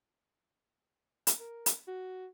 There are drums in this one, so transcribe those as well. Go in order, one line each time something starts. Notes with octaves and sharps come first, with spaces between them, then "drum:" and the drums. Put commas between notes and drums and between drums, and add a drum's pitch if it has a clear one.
drum: hi-hat
A#4
drum: hi-hat
F#4